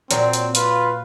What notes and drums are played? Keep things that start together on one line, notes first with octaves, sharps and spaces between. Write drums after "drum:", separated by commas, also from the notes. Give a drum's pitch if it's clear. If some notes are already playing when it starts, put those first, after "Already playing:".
A#2 F#3 C4, drum: hi-hat
drum: hi-hat
F4 B4, drum: hi-hat